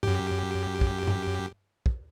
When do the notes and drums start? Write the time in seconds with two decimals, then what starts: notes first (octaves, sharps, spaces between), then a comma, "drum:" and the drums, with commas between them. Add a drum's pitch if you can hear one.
0.03 F#2 G4, drum: tom G2
0.81 drum: kick
1.07 drum: tom G2
1.86 drum: kick